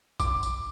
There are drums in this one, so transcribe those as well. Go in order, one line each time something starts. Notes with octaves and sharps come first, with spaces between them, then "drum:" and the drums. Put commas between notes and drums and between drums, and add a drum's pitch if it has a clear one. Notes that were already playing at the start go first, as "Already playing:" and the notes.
D6, drum: kick, tambourine
drum: tambourine